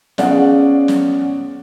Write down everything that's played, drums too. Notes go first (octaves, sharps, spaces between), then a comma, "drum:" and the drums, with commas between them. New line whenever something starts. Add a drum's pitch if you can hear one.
B3 C#4 G#4 D5 F5 F#5, drum: snare
drum: snare